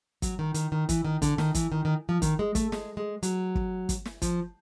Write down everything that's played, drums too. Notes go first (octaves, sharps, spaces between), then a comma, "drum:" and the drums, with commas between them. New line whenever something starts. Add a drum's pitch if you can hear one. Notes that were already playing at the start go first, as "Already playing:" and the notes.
F#3, drum: kick, hi-hat
D#3
D#3, drum: hi-hat
D#3
E3, drum: kick, hi-hat
D#3
D3, drum: kick, hi-hat
D#3, drum: snare
E3, drum: kick, hi-hat
D#3
D#3
F3
D#3, drum: kick, hi-hat
G#3
A3, drum: kick, hi-hat
G#3, drum: snare
G#3
F#3, drum: hi-hat
drum: kick
drum: kick, hi-hat
drum: snare
F3, drum: kick, hi-hat